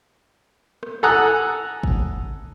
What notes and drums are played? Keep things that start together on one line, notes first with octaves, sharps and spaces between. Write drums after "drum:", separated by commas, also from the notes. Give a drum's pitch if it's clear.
drum: rim click
A4 F#5 G#5 A#5 D#6 F#6
drum: kick